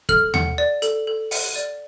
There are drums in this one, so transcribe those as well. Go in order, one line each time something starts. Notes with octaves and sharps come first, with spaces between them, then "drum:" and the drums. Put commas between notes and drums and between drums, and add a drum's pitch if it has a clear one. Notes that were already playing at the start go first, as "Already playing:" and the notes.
A4 F6, drum: kick
F#5, drum: tom D#2
D5
A4, drum: hi-hat
A4
F#5, drum: open hi-hat
D5